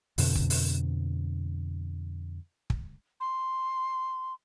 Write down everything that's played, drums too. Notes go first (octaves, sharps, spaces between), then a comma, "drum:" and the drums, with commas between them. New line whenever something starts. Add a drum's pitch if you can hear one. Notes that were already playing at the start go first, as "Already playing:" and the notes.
F2 B2 D3, drum: open hi-hat
drum: kick
drum: open hi-hat
drum: kick
C6